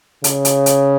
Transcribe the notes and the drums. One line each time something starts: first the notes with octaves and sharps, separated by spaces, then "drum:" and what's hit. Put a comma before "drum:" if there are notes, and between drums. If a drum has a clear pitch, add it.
C#3, drum: hi-hat
drum: hi-hat
drum: hi-hat